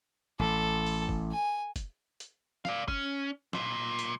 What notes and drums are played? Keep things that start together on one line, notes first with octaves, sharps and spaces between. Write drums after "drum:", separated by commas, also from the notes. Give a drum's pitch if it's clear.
A1 A4
drum: open hi-hat
drum: kick
G#5
drum: kick, hi-hat
drum: hi-hat
D5 F5, drum: snare
C#4, drum: kick
B1 A#2, drum: snare
drum: hi-hat